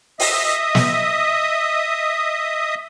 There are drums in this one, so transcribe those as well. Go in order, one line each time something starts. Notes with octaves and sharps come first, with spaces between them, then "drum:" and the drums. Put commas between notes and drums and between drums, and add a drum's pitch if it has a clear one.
D#5 E5 D#6, drum: open hi-hat
drum: snare